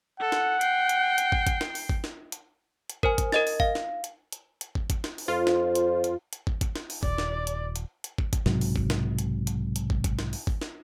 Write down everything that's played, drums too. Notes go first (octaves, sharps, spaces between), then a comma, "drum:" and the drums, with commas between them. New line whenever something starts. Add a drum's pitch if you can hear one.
A4 F#5
drum: snare
G5 C7, drum: hi-hat
drum: hi-hat
drum: hi-hat
drum: kick
drum: kick, hi-hat
drum: snare
drum: open hi-hat
drum: kick
drum: snare
drum: hi-hat
drum: hi-hat
A#4 C5 G#5, drum: kick
drum: kick, hi-hat
A#4 D#5 A6, drum: snare
drum: open hi-hat
F5, drum: kick
drum: snare
drum: hi-hat
drum: hi-hat
drum: hi-hat
drum: kick
drum: kick, hi-hat
drum: snare
drum: open hi-hat
F2 F4 C5
drum: snare
drum: hi-hat
drum: hi-hat
drum: hi-hat
drum: kick
drum: kick, hi-hat
drum: snare
drum: open hi-hat
D#1 D5, drum: kick
drum: snare
drum: hi-hat
drum: hi-hat
drum: hi-hat
drum: kick
drum: kick, hi-hat
B1 G#2 C3 F#3, drum: snare
drum: open hi-hat
drum: kick
drum: snare
drum: hi-hat
drum: hi-hat
drum: hi-hat
drum: kick
drum: kick, hi-hat
drum: snare
drum: open hi-hat
drum: kick
drum: snare